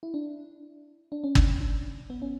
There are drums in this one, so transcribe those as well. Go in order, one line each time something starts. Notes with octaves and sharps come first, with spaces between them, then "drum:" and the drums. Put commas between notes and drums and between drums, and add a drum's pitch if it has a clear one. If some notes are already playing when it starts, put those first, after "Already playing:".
E4
D4
D4
C#4
D4, drum: kick
D4
B3
C#4